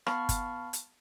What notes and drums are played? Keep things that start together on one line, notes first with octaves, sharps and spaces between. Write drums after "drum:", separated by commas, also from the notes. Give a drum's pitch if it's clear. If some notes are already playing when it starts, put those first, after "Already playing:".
B3 F5 A5 B5 C#6 F6, drum: rim click
drum: kick G1, hi-hat
drum: hi-hat